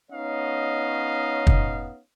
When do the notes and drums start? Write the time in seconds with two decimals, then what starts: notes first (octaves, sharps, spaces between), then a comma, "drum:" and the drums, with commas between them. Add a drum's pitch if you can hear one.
0.11 B3 C#4 D#4 C#5 D#5 F5
1.47 drum: kick